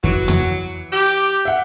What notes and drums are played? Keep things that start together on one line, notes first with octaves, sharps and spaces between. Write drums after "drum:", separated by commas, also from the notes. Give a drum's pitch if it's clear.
E3 F#3, drum: kick F2
drum: tom
G4
E5 F#5